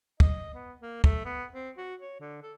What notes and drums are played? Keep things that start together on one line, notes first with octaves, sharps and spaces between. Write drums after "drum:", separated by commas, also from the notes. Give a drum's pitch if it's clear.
D#5, drum: kick
B3
A#3
A3, drum: kick
B3
C4
F#4
C#5
D3
A4